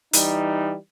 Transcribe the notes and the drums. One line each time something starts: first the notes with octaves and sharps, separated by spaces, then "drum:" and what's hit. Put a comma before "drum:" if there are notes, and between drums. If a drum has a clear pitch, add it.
E3 G3 D#4, drum: hi-hat